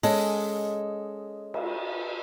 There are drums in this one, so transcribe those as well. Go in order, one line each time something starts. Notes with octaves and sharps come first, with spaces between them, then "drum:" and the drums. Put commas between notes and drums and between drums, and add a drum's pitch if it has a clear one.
G#3 C#4 A4 D#5, drum: open hi-hat
drum: cymbal